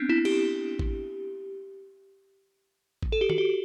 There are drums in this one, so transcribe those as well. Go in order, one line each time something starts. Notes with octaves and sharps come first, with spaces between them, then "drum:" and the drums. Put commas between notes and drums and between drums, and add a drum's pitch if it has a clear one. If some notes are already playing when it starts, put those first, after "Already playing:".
Already playing: B3 C4 D4
E4
G4, drum: cymbal
drum: kick
drum: kick
A4
G4
F#4, drum: tom
G4